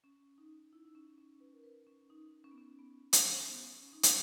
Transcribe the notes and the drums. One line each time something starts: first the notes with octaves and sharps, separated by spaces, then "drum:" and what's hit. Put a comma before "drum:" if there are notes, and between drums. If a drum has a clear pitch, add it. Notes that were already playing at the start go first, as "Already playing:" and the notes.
C#4
D#4
E4
D#4
C#4
C#4
B4
A#4
B4
C#4
D#4
C#4
B3
C#4
B3
C#4, drum: hi-hat
B3
C#4
D#4
C#4, drum: hi-hat